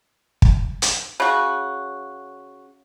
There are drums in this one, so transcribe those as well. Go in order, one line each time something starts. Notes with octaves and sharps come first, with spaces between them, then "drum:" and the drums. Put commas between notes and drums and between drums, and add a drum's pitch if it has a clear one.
drum: kick
drum: hi-hat
C#3 F#4